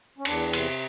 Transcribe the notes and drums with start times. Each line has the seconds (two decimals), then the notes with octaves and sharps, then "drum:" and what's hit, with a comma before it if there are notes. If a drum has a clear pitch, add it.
0.18 C#4
0.25 E2 D4, drum: cymbal
0.53 C3, drum: cymbal